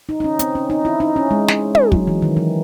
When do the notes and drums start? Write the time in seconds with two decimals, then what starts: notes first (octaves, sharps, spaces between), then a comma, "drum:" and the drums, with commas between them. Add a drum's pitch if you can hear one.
0.09 D#4
0.20 D#4
0.24 C#4
0.39 C4, drum: hi-hat
0.55 C#4
0.70 D#4
0.85 E4
1.00 D#4
1.16 C#4
1.31 G#3
1.48 drum: snare
1.75 drum: tom
1.92 F#3, drum: kick
2.07 E3
2.22 D#3
2.37 E3